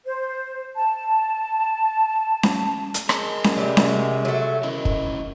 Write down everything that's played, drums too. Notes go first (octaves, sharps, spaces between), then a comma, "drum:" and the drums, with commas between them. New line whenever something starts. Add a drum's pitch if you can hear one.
C5
A5
drum: snare C#4
drum: hi-hat
G#3 A#4 A5, drum: rim click
drum: snare C#4
C3 F#3 G3 G4
drum: snare C#4
F#4
F#3 A3
D#3 C#4 E4 A#4
drum: kick